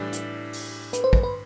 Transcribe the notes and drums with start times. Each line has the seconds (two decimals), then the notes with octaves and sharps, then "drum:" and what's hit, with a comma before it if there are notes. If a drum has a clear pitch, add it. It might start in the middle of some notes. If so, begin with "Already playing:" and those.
Already playing: A2 E3 G3 D4
0.12 drum: hi-hat
0.53 drum: open hi-hat
0.93 B4, drum: hi-hat
1.04 C5
1.13 B4, drum: kick
1.23 B4